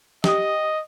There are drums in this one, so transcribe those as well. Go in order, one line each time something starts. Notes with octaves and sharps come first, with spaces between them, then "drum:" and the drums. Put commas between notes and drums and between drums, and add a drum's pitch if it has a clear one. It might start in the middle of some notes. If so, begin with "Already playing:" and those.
G4 D#5 D#6, drum: snare